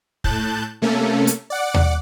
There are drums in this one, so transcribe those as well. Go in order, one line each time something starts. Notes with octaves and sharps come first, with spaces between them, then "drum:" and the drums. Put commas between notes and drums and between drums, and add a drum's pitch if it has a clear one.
A2 A5 F#6 G6 A6, drum: kick
C3 A3 A#3 C#4 A4
drum: hi-hat
D5 F#5 D6
drum: tom D#2